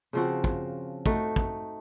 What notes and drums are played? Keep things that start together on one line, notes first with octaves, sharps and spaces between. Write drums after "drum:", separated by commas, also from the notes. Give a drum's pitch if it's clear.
C#3 F3 C4 F#4
drum: kick
A3 D#4 F#4, drum: kick
drum: kick